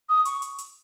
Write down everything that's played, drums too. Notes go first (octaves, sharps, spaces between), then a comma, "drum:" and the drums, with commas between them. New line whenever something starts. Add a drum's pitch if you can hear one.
D#6
C#6, drum: hi-hat
drum: hi-hat
drum: hi-hat